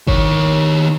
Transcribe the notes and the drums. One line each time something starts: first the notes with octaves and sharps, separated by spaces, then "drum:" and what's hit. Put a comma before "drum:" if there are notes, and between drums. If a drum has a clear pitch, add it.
D#3 C#5, drum: kick G#1